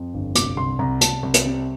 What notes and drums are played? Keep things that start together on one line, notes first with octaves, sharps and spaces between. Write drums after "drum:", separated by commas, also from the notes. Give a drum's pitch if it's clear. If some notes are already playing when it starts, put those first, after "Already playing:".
Already playing: F2
G1
C2 D6, drum: hi-hat
C2 C6
C2 A#5
C2 A5, drum: hi-hat
C2
drum: hi-hat
C3